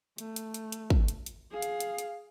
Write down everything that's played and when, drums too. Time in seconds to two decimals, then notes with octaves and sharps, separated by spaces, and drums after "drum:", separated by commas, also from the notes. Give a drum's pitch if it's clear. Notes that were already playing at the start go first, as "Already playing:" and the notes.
0.18 A3, drum: hi-hat
0.36 drum: hi-hat
0.54 drum: hi-hat
0.72 drum: hi-hat
0.90 drum: kick
1.08 drum: hi-hat
1.26 drum: hi-hat
1.51 G#4 F5
1.62 drum: hi-hat
1.80 drum: hi-hat
1.98 drum: hi-hat